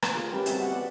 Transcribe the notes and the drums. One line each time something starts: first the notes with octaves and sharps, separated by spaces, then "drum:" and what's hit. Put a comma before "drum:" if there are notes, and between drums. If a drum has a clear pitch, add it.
drum: rim click
F4 G#4 A#4
G#3 C#4 G4 B4 G5
G3 G#3 C4 F#4 E5 A5, drum: hi-hat
F#4 G#4 F#5
B3 D5 F#5